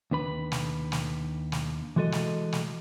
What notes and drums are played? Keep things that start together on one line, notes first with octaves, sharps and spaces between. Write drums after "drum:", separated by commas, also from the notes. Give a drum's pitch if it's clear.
D#2 D4 B4 B5
drum: snare
drum: snare
drum: snare
E3 G#3 F#4 A4 D#5
drum: snare
drum: snare